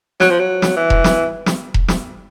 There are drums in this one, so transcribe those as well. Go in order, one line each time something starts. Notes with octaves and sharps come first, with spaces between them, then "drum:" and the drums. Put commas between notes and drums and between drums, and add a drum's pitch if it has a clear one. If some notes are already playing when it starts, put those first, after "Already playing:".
F#3, drum: snare
F3
F#3
drum: snare
E3
drum: kick E1
drum: snare
drum: snare
drum: kick E1
drum: snare